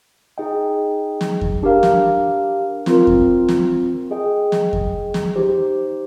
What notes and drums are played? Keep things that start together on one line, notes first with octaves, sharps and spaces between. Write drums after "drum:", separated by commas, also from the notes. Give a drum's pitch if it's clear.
D#4 G#4 D#5 G5
drum: snare
drum: kick F2
D4 G4 A#4 F5
drum: snare
C4 F4 A#4, drum: snare
drum: kick F2
drum: snare
G#4 D#5 G5
drum: snare
drum: kick F2
drum: snare
D#4 G4 C5